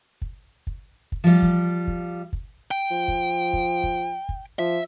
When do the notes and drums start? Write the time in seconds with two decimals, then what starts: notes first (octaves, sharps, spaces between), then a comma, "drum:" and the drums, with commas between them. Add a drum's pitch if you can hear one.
0.22 drum: kick
0.67 drum: kick
1.12 drum: kick
1.24 F3 G3
1.42 drum: kick
1.87 drum: kick
2.33 drum: kick
2.71 G5
2.91 F3
3.08 drum: kick
3.53 drum: kick
3.84 drum: kick
4.29 drum: kick
4.59 F3 E5